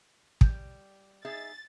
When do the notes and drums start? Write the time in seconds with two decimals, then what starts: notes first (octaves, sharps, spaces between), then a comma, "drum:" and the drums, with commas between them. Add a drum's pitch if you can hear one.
0.41 G3, drum: kick
1.25 D#4 G#4 E5 A6